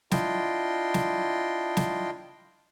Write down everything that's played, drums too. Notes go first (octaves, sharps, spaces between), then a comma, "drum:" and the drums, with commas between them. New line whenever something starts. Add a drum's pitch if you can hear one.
D4 E4 F4 D#5 G5 C6, drum: snare
drum: snare
drum: snare